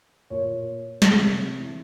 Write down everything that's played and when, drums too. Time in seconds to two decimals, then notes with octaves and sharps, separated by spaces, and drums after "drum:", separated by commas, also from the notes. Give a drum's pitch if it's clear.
0.30 A#2 C#5
1.02 drum: snare
1.17 C3
1.60 E3